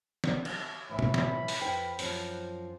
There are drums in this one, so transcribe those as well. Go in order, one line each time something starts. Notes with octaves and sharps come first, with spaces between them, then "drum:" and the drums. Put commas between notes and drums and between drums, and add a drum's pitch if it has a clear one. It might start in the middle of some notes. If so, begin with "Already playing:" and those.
drum: snare
drum: cymbal
A2 E3 E5 B5
drum: tom
drum: snare
drum: open hi-hat
F2 B4 G5
F#2 F3 C4, drum: open hi-hat